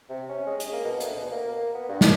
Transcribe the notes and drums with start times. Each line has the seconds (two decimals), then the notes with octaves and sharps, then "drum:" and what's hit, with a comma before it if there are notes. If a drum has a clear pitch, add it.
0.09 C3
0.29 C#4
0.46 G#3
0.60 drum: hi-hat
0.73 A#3
0.84 B2
1.00 D2, drum: hi-hat
1.15 B2
1.31 A#3
1.48 A#3
1.74 B3
1.89 G2
2.01 drum: snare